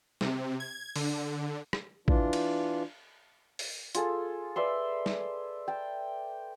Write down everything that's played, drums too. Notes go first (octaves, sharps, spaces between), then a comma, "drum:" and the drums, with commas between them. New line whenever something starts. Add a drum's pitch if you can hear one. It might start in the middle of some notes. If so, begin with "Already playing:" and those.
C3, drum: snare
G#6
D3, drum: open hi-hat
drum: rim click
E3 D4 F4, drum: kick
drum: cymbal
drum: open hi-hat
F4 G#4 A4, drum: hi-hat
B4 D5 E5 C6
drum: snare
G5 A5